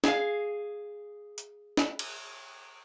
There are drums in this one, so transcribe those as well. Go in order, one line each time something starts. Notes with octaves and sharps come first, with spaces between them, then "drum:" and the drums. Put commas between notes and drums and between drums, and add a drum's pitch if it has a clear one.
G#4 F5, drum: snare
drum: hi-hat
drum: snare
drum: cymbal